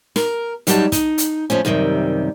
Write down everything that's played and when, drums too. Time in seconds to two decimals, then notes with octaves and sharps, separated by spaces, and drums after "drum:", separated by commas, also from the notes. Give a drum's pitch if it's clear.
0.16 A#4, drum: snare
0.67 F#2 F#3 G3 D#4 A4 A5, drum: hi-hat
0.92 D#4, drum: kick, hi-hat
1.18 drum: hi-hat
1.50 F2 F3 A3 C#4
1.65 F#2 C3 D#3 G3